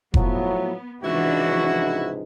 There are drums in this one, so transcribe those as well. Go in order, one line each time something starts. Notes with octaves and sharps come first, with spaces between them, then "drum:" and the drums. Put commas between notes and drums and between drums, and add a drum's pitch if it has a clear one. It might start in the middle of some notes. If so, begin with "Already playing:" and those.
A2 F3 F#3 B3, drum: kick F1
C#2 G#2 C3 E3 F3 D4 E4 F#4